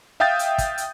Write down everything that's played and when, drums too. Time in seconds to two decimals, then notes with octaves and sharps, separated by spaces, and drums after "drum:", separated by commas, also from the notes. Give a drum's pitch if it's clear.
0.20 E5 F5 G5 D#6 G6 A6
0.39 drum: hi-hat
0.58 drum: kick, hi-hat
0.78 drum: hi-hat